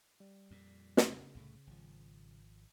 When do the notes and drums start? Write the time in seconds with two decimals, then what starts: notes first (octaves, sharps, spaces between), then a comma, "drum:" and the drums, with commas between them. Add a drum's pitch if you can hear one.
0.20 G3
0.51 F2 A#2
0.97 drum: snare
1.09 C#3
1.35 C2 A2 A3
1.67 G#1 F3